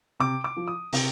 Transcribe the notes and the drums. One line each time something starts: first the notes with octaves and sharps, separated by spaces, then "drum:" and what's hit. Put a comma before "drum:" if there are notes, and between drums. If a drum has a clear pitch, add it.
C3 D6
D6
F3
D#6
C3, drum: open hi-hat